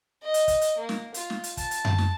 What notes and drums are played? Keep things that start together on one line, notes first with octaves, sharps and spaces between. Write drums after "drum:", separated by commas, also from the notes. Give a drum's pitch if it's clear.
D#5
drum: hi-hat
drum: kick, hi-hat
drum: hi-hat
A#3
drum: snare
F4, drum: hi-hat
drum: snare
drum: hi-hat
A5, drum: kick, hi-hat
drum: hi-hat
drum: tom F#2
drum: snare